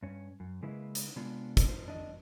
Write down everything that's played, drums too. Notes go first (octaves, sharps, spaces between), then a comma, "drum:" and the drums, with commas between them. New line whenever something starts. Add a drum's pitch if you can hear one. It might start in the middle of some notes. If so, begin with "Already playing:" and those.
G2 C#4
F#2
C#3 G#3 A#3 E4 B4
drum: hi-hat
C3 G#3 B3 D4 F4
drum: kick, hi-hat
C5
D4 D#5